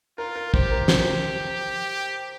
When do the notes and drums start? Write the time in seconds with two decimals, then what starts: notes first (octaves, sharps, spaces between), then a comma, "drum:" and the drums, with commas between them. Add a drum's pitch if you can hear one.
0.18 F4 A#4
0.36 A#4
0.54 G4 C5, drum: kick
0.71 A#4
0.88 C5, drum: snare